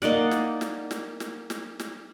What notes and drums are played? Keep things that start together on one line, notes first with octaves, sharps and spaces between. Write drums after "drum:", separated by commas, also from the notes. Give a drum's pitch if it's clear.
A#3 D#4 D5 F#5, drum: snare
drum: snare
drum: snare
drum: snare
drum: snare
drum: snare
drum: snare